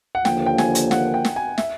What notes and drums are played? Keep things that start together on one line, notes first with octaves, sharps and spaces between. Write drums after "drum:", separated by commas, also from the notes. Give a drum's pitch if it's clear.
F#5
D#2 D3 F3 A#3 G5, drum: snare
G5
G#5, drum: snare
drum: hi-hat
F#5, drum: snare
G5
drum: snare
G#5
E5, drum: snare